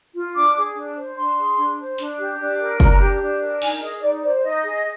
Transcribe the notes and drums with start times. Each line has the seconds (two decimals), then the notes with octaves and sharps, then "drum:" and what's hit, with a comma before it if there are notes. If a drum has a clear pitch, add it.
0.14 F4
0.34 D4 D6
0.55 G#4
0.75 D4
0.96 C5
1.16 D4 C6
1.37 G#4
1.57 D4
1.78 C5
1.98 D4, drum: hi-hat
2.19 G4
2.39 D4
2.60 A#4
2.80 D4 A#5, drum: kick
3.00 G4
3.21 D4
3.41 A#4
3.62 D#4 G#5, drum: open hi-hat
3.82 G#4 D#5
4.02 D#4 D5
4.23 C5 D5
4.43 D#4 D#5
4.64 G#4